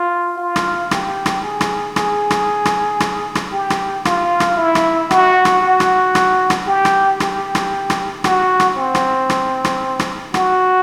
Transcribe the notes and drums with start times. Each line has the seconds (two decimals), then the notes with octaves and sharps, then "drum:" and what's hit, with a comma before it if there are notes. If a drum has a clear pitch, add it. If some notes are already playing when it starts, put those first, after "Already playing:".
Already playing: F4
0.38 F4
0.56 drum: rim click
0.91 G4, drum: rim click
1.26 drum: rim click
1.43 G#4
1.61 drum: rim click
1.96 G#4, drum: rim click
2.30 drum: rim click
2.65 drum: rim click
3.00 drum: rim click
3.35 drum: rim click
3.52 G4
3.70 drum: rim click
4.05 F4, drum: rim click
4.40 drum: rim click
4.57 E4
4.75 drum: rim click
5.11 F#4, drum: rim click
5.45 drum: rim click
5.62 F#4
5.80 drum: rim click
6.15 drum: rim click
6.50 drum: rim click
6.67 G4
6.85 drum: rim click
7.20 G4, drum: rim click
7.55 drum: rim click
7.90 drum: rim click
8.24 F#4, drum: rim click
8.60 drum: rim click
8.77 C4
8.95 drum: rim click
9.30 drum: rim click
9.65 drum: rim click
9.99 drum: rim click
10.34 F#4, drum: rim click